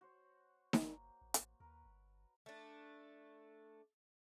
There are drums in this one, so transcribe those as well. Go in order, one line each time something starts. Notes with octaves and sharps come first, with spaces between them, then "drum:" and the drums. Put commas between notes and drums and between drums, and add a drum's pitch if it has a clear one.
F#4 C5 C#5
G1 A#3, drum: snare D#4
A1
drum: hi-hat
D#2 A#4 B4
G1
A3 D4